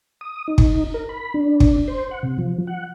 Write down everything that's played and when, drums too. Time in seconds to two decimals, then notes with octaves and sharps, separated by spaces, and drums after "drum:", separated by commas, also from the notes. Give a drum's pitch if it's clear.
0.21 D#6
0.48 D#4
0.58 drum: kick
0.94 A#4
1.09 B5
1.34 D4
1.60 drum: kick
1.88 C5
2.11 F#5
2.23 C3
2.38 F3
2.67 F#5